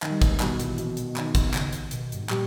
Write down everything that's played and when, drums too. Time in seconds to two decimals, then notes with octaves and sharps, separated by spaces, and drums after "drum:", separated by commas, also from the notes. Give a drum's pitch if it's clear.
0.02 D#3, drum: clap
0.09 G3
0.22 G#3, drum: kick, hi-hat
0.40 B2 G3, drum: clap
0.60 E3, drum: hi-hat
0.78 B2, drum: hi-hat
0.97 drum: hi-hat
1.16 D#3, drum: clap
1.35 drum: kick, hi-hat
1.54 C#3, drum: clap
1.73 drum: hi-hat
1.91 B2, drum: hi-hat
2.12 G2, drum: hi-hat
2.21 G#2
2.29 A#2 G3, drum: clap